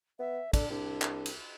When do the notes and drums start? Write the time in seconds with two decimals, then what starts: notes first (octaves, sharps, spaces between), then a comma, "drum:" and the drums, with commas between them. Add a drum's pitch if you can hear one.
0.19 B3 E5
0.53 D4 A4, drum: kick, cymbal
0.70 C2 D4
1.02 drum: clap
1.26 drum: cymbal